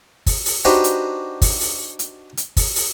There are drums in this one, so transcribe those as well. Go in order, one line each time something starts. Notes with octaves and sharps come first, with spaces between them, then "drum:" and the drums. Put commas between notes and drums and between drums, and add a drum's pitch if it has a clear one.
drum: kick, open hi-hat
drum: open hi-hat
D4 D#4 F#4 G4 B4 C5
drum: hi-hat
drum: kick, open hi-hat
drum: open hi-hat
drum: hi-hat
drum: hi-hat
drum: kick, open hi-hat
drum: open hi-hat